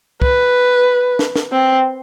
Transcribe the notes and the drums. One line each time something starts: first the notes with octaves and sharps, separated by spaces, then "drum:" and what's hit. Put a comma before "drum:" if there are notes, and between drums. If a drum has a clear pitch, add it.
B4, drum: kick C2
drum: snare
drum: snare
C4